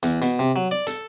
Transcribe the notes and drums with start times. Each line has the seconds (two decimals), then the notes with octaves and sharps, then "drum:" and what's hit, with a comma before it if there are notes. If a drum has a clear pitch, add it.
0.03 E2, drum: hi-hat
0.22 B2, drum: hi-hat
0.39 C3
0.56 F#3
0.71 D5
0.87 A4, drum: hi-hat